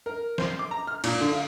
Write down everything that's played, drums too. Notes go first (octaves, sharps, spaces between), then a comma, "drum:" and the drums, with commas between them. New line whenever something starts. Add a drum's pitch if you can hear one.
A#4
C5, drum: snare
D6
A#5
F6
A#2, drum: cymbal
D3
F5